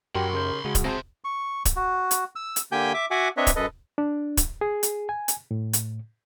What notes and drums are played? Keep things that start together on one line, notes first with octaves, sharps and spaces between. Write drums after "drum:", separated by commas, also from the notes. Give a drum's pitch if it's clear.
F#2 F#3 F#4 G4 A#4 B5 C6
D#2 C#3 A#4 G6
C#3 G#3 F#4
drum: kick, hi-hat
C3 C4 G#4 C5 A5
C#6
drum: kick, hi-hat
F#4
drum: hi-hat
E6
drum: hi-hat
D3 A#3 G4 G5 G#5 G6
E5 D6
F#4 E5 F#5 G#5 D6
C4 D4 B4 C#5 D#5 E5
drum: kick, hi-hat
F#2 A4 B4 D#5
D4
drum: kick, hi-hat
G#4
drum: hi-hat
G#5
drum: hi-hat
A2
drum: hi-hat